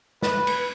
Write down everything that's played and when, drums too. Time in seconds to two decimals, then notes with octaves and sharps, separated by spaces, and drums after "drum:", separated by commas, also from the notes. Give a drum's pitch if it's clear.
0.22 B4, drum: snare
0.47 drum: cymbal